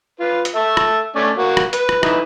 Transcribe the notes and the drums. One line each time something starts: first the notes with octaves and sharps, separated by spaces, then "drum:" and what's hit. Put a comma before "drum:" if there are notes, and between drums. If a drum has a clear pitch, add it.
F4 B4
drum: hi-hat
A4 E5
drum: rim click
A3 C#4 D5
A#3 F#4
drum: rim click
B4, drum: hi-hat
drum: rim click
D#4 E4 B4, drum: rim click